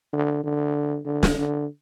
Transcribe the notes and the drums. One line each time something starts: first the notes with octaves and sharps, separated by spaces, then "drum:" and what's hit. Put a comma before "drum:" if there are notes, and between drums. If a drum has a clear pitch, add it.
D3
D3
D3
drum: snare
D3